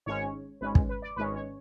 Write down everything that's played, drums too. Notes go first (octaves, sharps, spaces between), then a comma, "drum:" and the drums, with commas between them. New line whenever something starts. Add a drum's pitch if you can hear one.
G#1 G#2 G#3 C#4 C#5
G#1 G#2 G#3 C#4 B4
drum: kick
B4
D5
G#1 G#2 G#3 C#4 B4
C#5